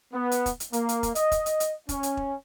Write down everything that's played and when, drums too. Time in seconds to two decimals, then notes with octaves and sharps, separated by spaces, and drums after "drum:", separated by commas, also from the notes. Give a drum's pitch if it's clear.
0.13 B3
0.32 drum: hi-hat
0.46 drum: kick E1, hi-hat
0.60 drum: hi-hat
0.73 A#3, drum: hi-hat
0.89 drum: hi-hat
1.03 drum: kick E1, hi-hat
1.15 D#5, drum: hi-hat
1.32 drum: kick E1, hi-hat
1.46 drum: hi-hat
1.60 drum: hi-hat
1.89 C#4, drum: kick E1, hi-hat
2.03 drum: hi-hat
2.17 drum: kick E1